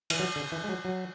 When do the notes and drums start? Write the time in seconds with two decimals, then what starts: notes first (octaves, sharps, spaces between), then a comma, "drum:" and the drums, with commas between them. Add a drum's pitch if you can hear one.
0.10 E3, drum: cymbal
0.19 F#3
0.36 D3
0.52 E3
0.64 G#3
0.69 F#3
0.85 F#3